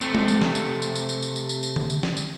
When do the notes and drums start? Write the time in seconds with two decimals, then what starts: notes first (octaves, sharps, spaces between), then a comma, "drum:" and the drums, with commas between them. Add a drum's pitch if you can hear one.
0.01 C3 A3, drum: tambourine
0.15 drum: tom G#3
0.28 drum: tambourine
0.42 drum: snare
0.55 drum: tambourine
0.82 drum: tambourine
0.95 drum: tambourine
1.09 drum: tambourine
1.22 drum: tambourine
1.36 drum: tambourine
1.49 drum: tambourine
1.63 drum: tambourine
1.76 drum: tom D3
1.90 drum: tambourine
2.03 drum: snare
2.17 drum: tambourine